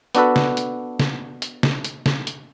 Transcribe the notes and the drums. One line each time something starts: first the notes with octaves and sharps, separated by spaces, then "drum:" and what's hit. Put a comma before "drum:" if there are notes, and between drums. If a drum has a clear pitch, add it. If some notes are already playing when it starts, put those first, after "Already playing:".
B3 D4 F#4 A4 B4, drum: hi-hat
drum: snare
drum: hi-hat
drum: snare
drum: hi-hat
drum: snare
drum: hi-hat
drum: snare
drum: hi-hat